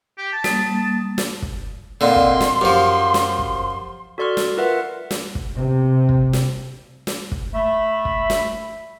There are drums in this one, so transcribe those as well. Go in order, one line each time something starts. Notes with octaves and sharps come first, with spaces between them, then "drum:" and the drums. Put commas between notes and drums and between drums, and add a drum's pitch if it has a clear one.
G4
A5
G3 A#3 D#6, drum: snare
drum: snare
drum: kick
A#2 D3 A#3 C4 D#5 C6
drum: kick
drum: snare
F#2 F3 G4 C5
drum: snare
drum: kick
F#4 A4 D5 C6 C#6 F6
drum: snare
F4 A#4 B4 E5 F#5
drum: snare
drum: kick
C3
drum: kick
drum: snare
drum: snare
drum: kick
A3 E5 B5
drum: kick
drum: snare